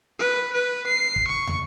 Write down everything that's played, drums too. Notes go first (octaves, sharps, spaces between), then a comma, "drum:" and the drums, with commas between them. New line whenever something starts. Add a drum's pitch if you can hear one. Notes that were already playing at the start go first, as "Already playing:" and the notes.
B4
B4
C7
drum: kick
C#6
drum: tom